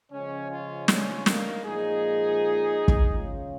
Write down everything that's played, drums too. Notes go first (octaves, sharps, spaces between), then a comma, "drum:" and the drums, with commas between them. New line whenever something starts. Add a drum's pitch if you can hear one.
C#3 F3 G#3 C#4
C#4 F4
C#4 F4, drum: snare
A#3 D#4, drum: snare
A#2 F3 G#3 D#4 G#4
drum: kick
C#3 G#3 C#4 F4